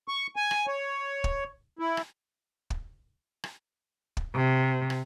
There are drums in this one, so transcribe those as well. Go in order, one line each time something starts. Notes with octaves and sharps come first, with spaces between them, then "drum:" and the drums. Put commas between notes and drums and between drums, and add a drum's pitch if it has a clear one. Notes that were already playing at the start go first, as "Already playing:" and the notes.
C#6
G#5
drum: rim click
C#5
drum: kick
E4
drum: rim click
drum: kick
drum: rim click
drum: kick
C3
drum: rim click